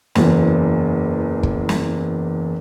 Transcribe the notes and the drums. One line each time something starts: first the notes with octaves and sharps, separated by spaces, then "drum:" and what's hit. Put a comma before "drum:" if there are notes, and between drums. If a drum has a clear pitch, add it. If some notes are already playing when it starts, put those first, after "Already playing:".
F#1 E2, drum: snare
drum: kick
drum: snare